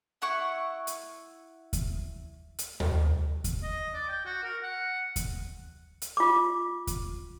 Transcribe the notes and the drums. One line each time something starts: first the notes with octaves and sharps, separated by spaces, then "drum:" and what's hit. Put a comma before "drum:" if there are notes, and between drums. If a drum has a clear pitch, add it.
E4 F#5 C#6
drum: hi-hat
drum: kick D#2, hi-hat
drum: hi-hat
drum: tom D#2
drum: kick D#2, hi-hat
D#5
D5
G5
F#4
A#4
F#5
drum: kick D#2, hi-hat
drum: hi-hat
F4 D6
drum: kick D#2, hi-hat